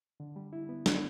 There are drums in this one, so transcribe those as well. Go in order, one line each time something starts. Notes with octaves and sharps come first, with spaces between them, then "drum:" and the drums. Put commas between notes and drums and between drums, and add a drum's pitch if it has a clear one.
D3
G3
E4
B3
D3, drum: snare